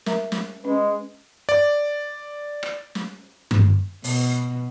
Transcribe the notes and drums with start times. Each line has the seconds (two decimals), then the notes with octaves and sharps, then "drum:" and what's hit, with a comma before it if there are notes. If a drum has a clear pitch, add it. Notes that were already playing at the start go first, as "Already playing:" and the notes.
0.06 A#4 E5 A#5, drum: snare
0.32 drum: snare
0.64 G#3 C#4 B4
1.49 D5
2.63 drum: rim click
2.95 drum: snare
3.51 drum: tom G2
4.04 B2, drum: open hi-hat